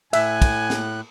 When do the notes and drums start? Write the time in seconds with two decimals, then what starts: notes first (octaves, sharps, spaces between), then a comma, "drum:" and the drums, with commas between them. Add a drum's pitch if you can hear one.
0.13 A2 E5 G#5 F#6, drum: cymbal
0.42 drum: kick, cymbal
0.70 drum: snare